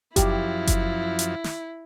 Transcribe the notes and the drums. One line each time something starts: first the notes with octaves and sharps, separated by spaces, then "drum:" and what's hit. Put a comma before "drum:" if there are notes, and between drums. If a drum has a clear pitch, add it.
F#2 F3 E4 G4, drum: kick F#1, hi-hat
drum: kick F#1, hi-hat
drum: hi-hat
drum: snare